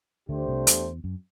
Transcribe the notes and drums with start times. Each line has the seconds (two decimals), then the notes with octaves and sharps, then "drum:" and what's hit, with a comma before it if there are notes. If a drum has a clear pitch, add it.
0.29 D2 D3 A3 D4 G4 C5
0.48 C2 C3
0.67 E2, drum: hi-hat
1.04 F#2